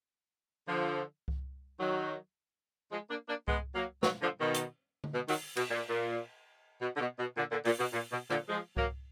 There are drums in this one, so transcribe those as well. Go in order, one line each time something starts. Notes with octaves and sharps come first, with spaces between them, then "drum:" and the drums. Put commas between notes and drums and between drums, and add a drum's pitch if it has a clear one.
D3 F3
drum: kick C2
D#3 F#3
F3 G#3
A#3 D4
A#3 D4
G#3 B3, drum: kick C2
F#3 A#3
D#3 F#3, drum: snare
D3 F3
B2 D#3
drum: hi-hat
drum: tom D3
B2
D#3 F#3, drum: open hi-hat
B2, drum: cymbal
A#2
A#2
B2
D3
B2
B2
A#2 D3
A#2 D3
A#2, drum: open hi-hat
B2
A#2
B2
A#2 D3, drum: rim click
F3 G#3
F#3 A#3, drum: kick C2